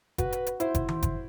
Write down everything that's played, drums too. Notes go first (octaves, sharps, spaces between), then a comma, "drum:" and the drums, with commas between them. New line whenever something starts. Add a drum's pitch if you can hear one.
F#4 B4, drum: kick F#1, hi-hat
drum: hi-hat
drum: hi-hat
E4 C5, drum: hi-hat
drum: kick F#1, hi-hat
drum: tom D#3
drum: kick F#1, hi-hat